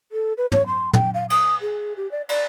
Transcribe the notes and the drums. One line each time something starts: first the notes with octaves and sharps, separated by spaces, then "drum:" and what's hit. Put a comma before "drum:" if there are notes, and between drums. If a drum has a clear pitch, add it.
A4
B4
C#5, drum: tom
C6
G5, drum: tom
F5
D#6, drum: cymbal
G#4
G4
D5
D5, drum: cymbal